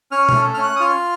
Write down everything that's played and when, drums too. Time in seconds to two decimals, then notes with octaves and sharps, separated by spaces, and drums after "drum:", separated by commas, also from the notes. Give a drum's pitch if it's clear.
0.12 C#4 F6
0.29 F6, drum: tom B2
0.34 A3
0.54 C#4 F6
0.63 F#6
0.76 D#6
0.80 F4 F6